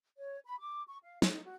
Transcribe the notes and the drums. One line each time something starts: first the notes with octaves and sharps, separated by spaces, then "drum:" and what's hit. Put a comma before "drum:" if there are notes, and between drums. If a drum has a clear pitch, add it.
C#5
B5
D6
C#6
F5
D#4, drum: snare
F#4